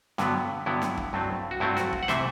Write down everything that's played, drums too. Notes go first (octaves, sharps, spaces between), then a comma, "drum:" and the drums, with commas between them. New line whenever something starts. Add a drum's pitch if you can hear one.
G2 D3 F#3 B3, drum: snare
G2 D3 F#3 B3 E4
drum: snare
drum: kick
G2 F#3 A3 C4
F#4
G2 F#3 A3 C4 E4
F#4, drum: snare
drum: kick
F#5
C3 E3 A3 C5 E5, drum: snare